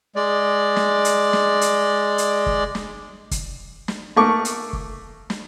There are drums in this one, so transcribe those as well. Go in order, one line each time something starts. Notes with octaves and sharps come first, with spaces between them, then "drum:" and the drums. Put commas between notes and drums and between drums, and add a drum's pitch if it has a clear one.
G#3 D5
drum: snare
drum: hi-hat
drum: snare
drum: hi-hat
drum: hi-hat
drum: kick
drum: snare
drum: kick, hi-hat
drum: snare
A3 A#3 C#6 D6
drum: hi-hat
drum: kick
drum: snare